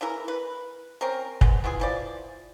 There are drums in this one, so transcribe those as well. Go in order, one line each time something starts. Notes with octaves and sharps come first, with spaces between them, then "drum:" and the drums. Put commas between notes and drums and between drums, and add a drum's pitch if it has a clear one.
C#3 E3 E4 A#4
B4
C4 C#4 A#4
G#3 B3, drum: kick
B3 E4 F4 G#4
E3 F3 D5